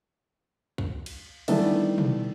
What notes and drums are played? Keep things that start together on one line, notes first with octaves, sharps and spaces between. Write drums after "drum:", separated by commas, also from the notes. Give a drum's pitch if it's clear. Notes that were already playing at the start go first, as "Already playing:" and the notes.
drum: kick B1
drum: cymbal
D#3 E3 G3 A3 B3 D4, drum: cymbal
drum: tom B2